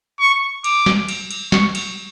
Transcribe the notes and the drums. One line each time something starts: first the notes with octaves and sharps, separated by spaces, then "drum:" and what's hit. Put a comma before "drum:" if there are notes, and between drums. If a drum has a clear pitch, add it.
C#6
D6, drum: cymbal
drum: snare
drum: cymbal
drum: cymbal
C#6, drum: snare
drum: cymbal